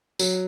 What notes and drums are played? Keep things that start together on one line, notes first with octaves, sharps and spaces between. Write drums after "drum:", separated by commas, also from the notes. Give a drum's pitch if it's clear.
F#3, drum: tambourine